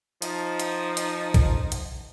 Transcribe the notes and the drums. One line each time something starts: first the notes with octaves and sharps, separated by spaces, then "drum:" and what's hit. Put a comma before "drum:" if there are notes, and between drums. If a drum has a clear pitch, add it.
F3 D#4, drum: hi-hat
drum: hi-hat
drum: hi-hat
drum: kick A1, hi-hat
drum: hi-hat